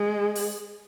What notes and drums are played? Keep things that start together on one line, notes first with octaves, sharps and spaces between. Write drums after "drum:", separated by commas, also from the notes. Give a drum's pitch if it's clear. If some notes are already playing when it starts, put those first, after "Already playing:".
Already playing: G#3
drum: open hi-hat